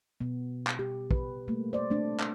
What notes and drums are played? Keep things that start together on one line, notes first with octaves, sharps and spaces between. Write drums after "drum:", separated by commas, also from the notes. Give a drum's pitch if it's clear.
B2 B3
drum: clap
G4
B4, drum: kick
G3 A3 A#3
C5 D5
A3 C4 D4
drum: clap